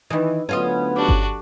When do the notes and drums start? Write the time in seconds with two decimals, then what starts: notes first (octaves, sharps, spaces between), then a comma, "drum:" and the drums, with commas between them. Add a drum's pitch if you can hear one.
0.10 D#3 E3 B4 D#6
0.49 D2 F#3 B3 C#4 F4 D#5
0.96 D4 F#4 G4 A4 D6
1.09 drum: kick G1